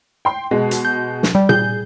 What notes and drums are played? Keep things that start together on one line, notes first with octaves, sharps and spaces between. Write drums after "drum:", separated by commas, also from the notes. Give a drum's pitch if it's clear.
G5 C6
B2 G#3
drum: hi-hat
G6
drum: snare
G3
G#4 G6, drum: tom A#2